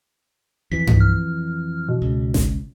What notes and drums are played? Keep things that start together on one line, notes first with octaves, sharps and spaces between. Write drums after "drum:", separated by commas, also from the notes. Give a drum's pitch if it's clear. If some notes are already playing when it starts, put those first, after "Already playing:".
F2 E3 B6
drum: tom G2
F6
B2
C#2
drum: snare G#1